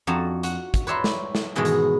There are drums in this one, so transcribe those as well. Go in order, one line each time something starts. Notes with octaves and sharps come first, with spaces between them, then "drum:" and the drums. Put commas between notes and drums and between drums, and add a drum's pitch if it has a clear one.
F2 D4 F#4 A5 A#5
F#4, drum: hi-hat
drum: kick, hi-hat
B4 C#5 D5 E5 A#5 C6
drum: snare
drum: snare
G#2 B2 D#3 E3 G#3
drum: hi-hat